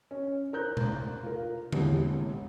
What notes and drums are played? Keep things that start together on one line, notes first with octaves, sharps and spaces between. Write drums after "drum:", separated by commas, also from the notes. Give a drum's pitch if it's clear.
C#4
A#4 C5 A#5 F#6 G6
drum: tom B2
F4 A#4
E1 A1 C3, drum: tom D3